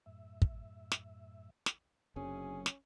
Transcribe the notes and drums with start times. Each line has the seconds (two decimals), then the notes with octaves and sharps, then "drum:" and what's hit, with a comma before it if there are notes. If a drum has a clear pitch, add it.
0.06 F#2 A2 E5
0.42 drum: kick
0.92 drum: snare
1.66 drum: snare
2.16 F#1 F#2 C3 C#4 D4 G#4
2.66 drum: snare